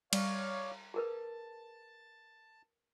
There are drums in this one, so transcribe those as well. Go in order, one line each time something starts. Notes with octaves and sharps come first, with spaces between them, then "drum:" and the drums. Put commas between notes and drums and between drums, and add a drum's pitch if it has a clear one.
G3 C#5 D5 F5, drum: cymbal
G#4 A#4 B4 A5